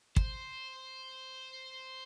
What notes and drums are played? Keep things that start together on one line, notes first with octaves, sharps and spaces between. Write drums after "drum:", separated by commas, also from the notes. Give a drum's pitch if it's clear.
C5, drum: kick